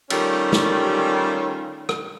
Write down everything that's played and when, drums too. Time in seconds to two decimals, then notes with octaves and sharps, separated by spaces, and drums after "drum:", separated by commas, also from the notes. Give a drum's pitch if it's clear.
0.10 D#3 G3 A3 C#4 F4 G4, drum: cymbal
0.52 drum: snare
1.89 drum: rim click